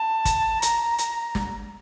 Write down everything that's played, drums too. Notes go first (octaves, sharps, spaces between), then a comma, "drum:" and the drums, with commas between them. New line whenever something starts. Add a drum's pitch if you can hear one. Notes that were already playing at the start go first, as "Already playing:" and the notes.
Already playing: A5
drum: kick, hi-hat
A#5, drum: hi-hat
drum: hi-hat
drum: snare